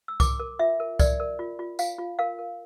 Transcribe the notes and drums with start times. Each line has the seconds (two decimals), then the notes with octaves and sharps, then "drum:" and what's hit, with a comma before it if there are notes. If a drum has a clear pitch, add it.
0.08 E6
0.20 A#4 D6, drum: kick C2, tambourine
0.40 A#4
0.59 F4 E5
0.80 A#4
0.99 A#4 D5, drum: kick C2, tambourine
1.20 A#4
1.39 F4
1.59 F4
1.79 F4 F5, drum: tambourine
1.98 F4
2.19 A#4 F5
2.38 A#4